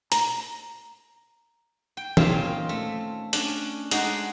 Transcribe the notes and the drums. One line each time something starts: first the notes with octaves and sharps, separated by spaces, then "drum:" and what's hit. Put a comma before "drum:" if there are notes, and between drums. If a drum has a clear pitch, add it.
A#5, drum: hi-hat
G5
A#2 D#3 C4 C#4 F4, drum: tom
A3
C#4 D4, drum: hi-hat
G#3 D4 D#4 F#4, drum: hi-hat